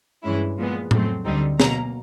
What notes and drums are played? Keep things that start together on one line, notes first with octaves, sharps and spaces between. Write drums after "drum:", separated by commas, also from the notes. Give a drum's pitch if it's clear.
G2 E3 G#3 C#4 E4
A#2 F3 G#3 B3
F2 C#3 F#3 A3 C4, drum: tom A2
D2 D3 G3 C4 D#4
B2 F#3 A#3 A#5, drum: snare